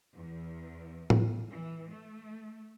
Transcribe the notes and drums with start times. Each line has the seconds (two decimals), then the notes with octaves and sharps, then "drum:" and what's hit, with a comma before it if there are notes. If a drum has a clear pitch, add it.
0.15 E2
1.10 drum: tom A2
1.51 E3
1.91 A3